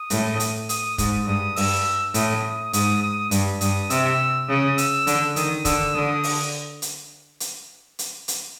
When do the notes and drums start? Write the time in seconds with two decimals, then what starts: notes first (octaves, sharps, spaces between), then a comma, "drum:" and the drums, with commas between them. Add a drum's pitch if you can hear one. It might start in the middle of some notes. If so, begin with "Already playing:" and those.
Already playing: D#6
0.10 A2, drum: hi-hat
0.40 drum: hi-hat
0.69 D#6, drum: hi-hat
0.98 G#2 D#6, drum: kick, hi-hat
1.27 G2 D#6
1.56 G2 E6, drum: open hi-hat
2.14 A2 D#6, drum: hi-hat
2.43 D#6
2.73 G#2 D#6, drum: hi-hat
3.02 D#6
3.31 G2, drum: hi-hat
3.61 G2 D#6, drum: hi-hat
3.90 C3 E6, drum: hi-hat
4.49 C#3 D#6
4.78 E6, drum: hi-hat
5.07 D3, drum: hi-hat
5.36 D#3 D#6, drum: hi-hat
5.65 D3 E6, drum: kick, hi-hat
5.94 D3 D#6
6.24 drum: open hi-hat
6.82 drum: hi-hat
7.40 drum: hi-hat
7.99 drum: hi-hat
8.28 drum: hi-hat